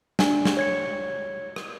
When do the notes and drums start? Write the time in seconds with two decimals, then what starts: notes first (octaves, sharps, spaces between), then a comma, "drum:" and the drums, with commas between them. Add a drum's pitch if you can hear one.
0.19 D4 G#5, drum: snare
0.45 drum: snare
0.57 C#5 G#6 C#7
1.56 drum: rim click